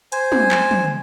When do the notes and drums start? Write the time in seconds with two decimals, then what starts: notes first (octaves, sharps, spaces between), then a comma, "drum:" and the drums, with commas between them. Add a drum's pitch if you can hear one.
0.12 C5 G#5, drum: hi-hat
0.32 drum: tom
0.51 drum: clap
0.71 drum: tom